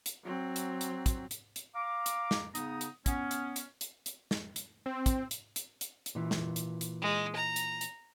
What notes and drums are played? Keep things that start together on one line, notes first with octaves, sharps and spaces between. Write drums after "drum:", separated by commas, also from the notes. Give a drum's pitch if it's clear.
drum: hi-hat
F#3 C4
drum: hi-hat
drum: hi-hat
drum: kick, hi-hat
drum: hi-hat
drum: hi-hat
F5 A#5 D6
drum: hi-hat
drum: snare
C#3 B3 D#4 A#5 D#6, drum: hi-hat
drum: hi-hat
B3 C#4, drum: kick, hi-hat
drum: hi-hat
drum: hi-hat
drum: hi-hat
drum: hi-hat
drum: snare
drum: hi-hat
C4
drum: kick, hi-hat
drum: hi-hat
drum: hi-hat
drum: hi-hat
drum: hi-hat
A#2 E3
drum: snare
drum: hi-hat
drum: hi-hat
G#3
A#5
drum: hi-hat
drum: hi-hat